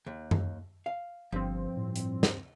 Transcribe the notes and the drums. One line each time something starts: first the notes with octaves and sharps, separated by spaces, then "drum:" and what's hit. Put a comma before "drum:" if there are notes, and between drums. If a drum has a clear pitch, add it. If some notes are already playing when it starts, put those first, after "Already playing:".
D#2
drum: tom F#2
F5
G1 G2 F3 C4
A2
drum: hi-hat
drum: snare